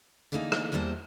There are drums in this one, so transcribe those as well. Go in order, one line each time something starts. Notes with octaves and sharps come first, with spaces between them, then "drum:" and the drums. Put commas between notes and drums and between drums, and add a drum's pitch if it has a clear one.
D3 E3 A3 A#3 D#4 G#4
drum: rim click
E2 G3 A#3 C5 D5 A5